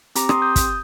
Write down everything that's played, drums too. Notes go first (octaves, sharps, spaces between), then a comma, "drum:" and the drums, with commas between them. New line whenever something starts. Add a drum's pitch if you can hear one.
C4 G4 A#5 D6, drum: hi-hat
C6 D#6, drum: rim click
D#6 G6
drum: kick, hi-hat